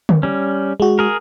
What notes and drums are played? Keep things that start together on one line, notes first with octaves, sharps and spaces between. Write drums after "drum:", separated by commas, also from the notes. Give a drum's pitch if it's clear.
drum: tom D3
G3 C#4
G#3 F#4
G#4 A#4